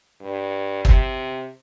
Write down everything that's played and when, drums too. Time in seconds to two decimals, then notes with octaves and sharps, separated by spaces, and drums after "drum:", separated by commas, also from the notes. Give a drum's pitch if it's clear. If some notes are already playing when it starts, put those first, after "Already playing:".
0.21 G2
0.85 C3, drum: kick